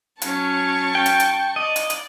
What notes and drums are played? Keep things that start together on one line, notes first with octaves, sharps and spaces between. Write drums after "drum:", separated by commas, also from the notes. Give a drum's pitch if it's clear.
F#3 C#4 A5 C#6, drum: hi-hat
G5
drum: hi-hat
drum: hi-hat
D5 D#5
drum: hi-hat
drum: hi-hat